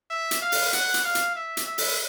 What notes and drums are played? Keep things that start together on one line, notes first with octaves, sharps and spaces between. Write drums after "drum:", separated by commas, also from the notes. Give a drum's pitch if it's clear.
E5
drum: hi-hat
F5
drum: open hi-hat
F#5, drum: hi-hat
drum: hi-hat
F5
drum: hi-hat
E5
drum: hi-hat
E5
drum: open hi-hat